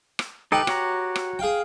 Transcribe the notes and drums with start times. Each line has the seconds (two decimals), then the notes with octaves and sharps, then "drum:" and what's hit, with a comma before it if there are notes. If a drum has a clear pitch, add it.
0.19 drum: rim click
0.52 D#4 G4 A4 B4 G5
0.67 F#4 C#5 A#5, drum: rim click
1.16 drum: rim click
1.39 G#4 F5 G5